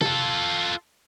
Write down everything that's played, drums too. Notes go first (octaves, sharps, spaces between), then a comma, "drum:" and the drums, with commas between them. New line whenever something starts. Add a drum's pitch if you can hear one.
F4 A4, drum: tom C3